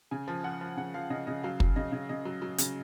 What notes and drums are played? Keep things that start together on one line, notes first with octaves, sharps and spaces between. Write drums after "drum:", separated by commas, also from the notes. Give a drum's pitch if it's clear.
C#3 G#5
F3
F3 F#5
F3
C#3 F#5
F3 F5
C#3 D#5
C#3 D#5
F#3 F5
F#3, drum: kick
C#3 D#5
C#3
C#3 D#5
F#3
F#3
C#3, drum: hi-hat